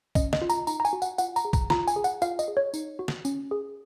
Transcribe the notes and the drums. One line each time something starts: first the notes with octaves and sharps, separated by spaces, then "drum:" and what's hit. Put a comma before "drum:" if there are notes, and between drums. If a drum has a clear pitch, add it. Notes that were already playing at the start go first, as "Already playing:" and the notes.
C#4 D#5, drum: kick, tambourine
D#5, drum: snare
F4
A#5, drum: tambourine
D#4 A#5, drum: tambourine
A#5
G#5, drum: tambourine
F#4
F#5, drum: tambourine
F4 F#5, drum: tambourine
A#5, drum: tambourine
G#4
A#5, drum: kick, tambourine
F4 A#5, drum: snare
G#5, drum: tambourine
G#4
F#5, drum: tambourine
F4 F5, drum: tambourine
D#5, drum: tambourine
G#4
C#5
D#4, drum: tambourine
F#4
drum: snare
C#4, drum: tambourine
G#4